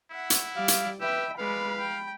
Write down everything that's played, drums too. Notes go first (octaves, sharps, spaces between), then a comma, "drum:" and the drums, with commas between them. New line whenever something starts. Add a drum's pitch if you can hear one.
E4 E5 F#5
drum: hi-hat
G3 D5 F5
drum: hi-hat
G4 B4 E5 G5 B5
G#3 B4 D5 F5 B5
G5